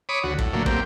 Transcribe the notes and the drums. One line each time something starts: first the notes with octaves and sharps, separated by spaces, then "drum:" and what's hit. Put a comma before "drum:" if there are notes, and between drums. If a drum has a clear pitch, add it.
C#5 B5 D6 D#6
D2 F#4
A2, drum: kick
D3 F#3 A3 A#3
A#3 C4 G4, drum: kick